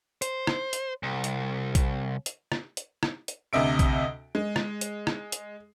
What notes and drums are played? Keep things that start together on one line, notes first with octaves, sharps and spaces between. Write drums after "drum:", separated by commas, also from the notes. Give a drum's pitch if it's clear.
C5, drum: hi-hat
drum: rim click
drum: hi-hat
C2
drum: hi-hat
drum: kick A#1, hi-hat
drum: hi-hat
drum: rim click
drum: hi-hat
drum: rim click
drum: hi-hat
D2 C3 D#5 E5 D7
drum: kick A#1, hi-hat
G#3
drum: rim click
drum: hi-hat
drum: rim click
drum: hi-hat